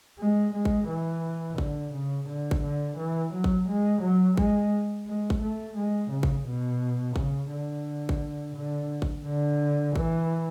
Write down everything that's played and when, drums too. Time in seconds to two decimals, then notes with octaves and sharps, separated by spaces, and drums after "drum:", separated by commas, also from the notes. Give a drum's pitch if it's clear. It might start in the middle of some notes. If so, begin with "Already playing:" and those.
0.19 G#3
0.54 G#3
0.65 drum: kick A1
0.88 E3
1.58 D3, drum: kick A1
1.94 C#3
2.29 D3
2.51 drum: kick A1
2.63 D3
2.97 E3
3.33 F#3
3.44 drum: kick A1
3.68 G#3
4.02 F#3
4.37 G#3, drum: kick A1
5.07 G#3
5.30 drum: kick A1
5.41 A3
5.77 G#3
6.11 C#3
6.23 drum: kick A1
6.47 B2
7.16 C#3, drum: kick A1
7.51 D3
8.09 drum: kick A1
8.55 D3
9.02 drum: kick A1
9.25 D3
9.96 E3, drum: kick A1